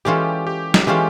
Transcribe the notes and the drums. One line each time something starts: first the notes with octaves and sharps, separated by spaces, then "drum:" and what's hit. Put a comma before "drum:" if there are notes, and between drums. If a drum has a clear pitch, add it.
E3 G#3 C#4 F4 G4 A4
G4
drum: snare
E3 G#3 C#4 F4 G4 A4